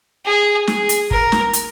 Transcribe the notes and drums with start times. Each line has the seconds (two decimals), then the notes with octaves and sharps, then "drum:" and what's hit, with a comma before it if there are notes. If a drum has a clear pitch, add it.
0.25 G#4
0.67 G#4, drum: snare
0.89 drum: hi-hat
1.11 A#4, drum: kick
1.32 drum: snare
1.53 drum: hi-hat